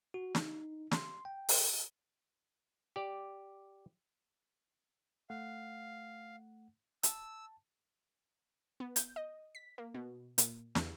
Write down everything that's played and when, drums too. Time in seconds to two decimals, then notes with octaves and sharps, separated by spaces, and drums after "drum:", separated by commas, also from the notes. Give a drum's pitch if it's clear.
0.14 F#4
0.35 D#4, drum: snare
0.91 C6, drum: snare
1.25 G5
1.49 drum: open hi-hat
2.96 G4 D5
5.30 A3 F5 F#5
7.03 A5 E6, drum: hi-hat
8.80 B3
8.96 G6, drum: hi-hat
9.16 D#5
9.55 B6
9.78 A#3
9.94 B2
10.38 A#2, drum: hi-hat
10.75 E2, drum: snare